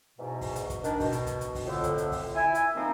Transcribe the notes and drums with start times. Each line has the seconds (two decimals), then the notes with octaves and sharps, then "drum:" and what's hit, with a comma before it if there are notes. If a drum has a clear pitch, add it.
0.19 E2 G#2 B2
0.41 drum: kick, open hi-hat
0.56 drum: hi-hat
0.70 drum: kick, hi-hat
0.84 D#3 D4, drum: hi-hat
1.00 B2, drum: kick, open hi-hat
1.12 drum: hi-hat
1.27 drum: kick, hi-hat
1.41 drum: hi-hat
1.55 drum: kick, open hi-hat
1.65 F2 A2 D3
1.84 drum: kick, hi-hat
1.98 drum: hi-hat
2.12 drum: kick, open hi-hat
2.35 E4 G#5
2.55 drum: hi-hat
2.75 D#3 F3 A#3 C4 D#4